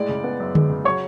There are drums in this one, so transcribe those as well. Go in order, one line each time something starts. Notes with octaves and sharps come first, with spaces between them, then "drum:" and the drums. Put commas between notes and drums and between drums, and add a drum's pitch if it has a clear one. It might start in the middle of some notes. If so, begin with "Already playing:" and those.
Already playing: A2 G#3 D5
C#3
B3
F#2
G#3, drum: tom D3
C#3
F#3 C#5 C#6